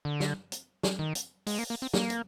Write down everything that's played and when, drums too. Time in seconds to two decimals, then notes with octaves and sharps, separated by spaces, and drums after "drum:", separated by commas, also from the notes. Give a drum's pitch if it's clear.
0.05 D3
0.20 drum: snare
0.52 drum: hi-hat
0.83 drum: snare
0.99 D#3
1.15 drum: hi-hat
1.47 G#3, drum: open hi-hat
1.59 A#3
1.70 A#3
1.82 C4
1.93 A#3, drum: snare
2.10 drum: hi-hat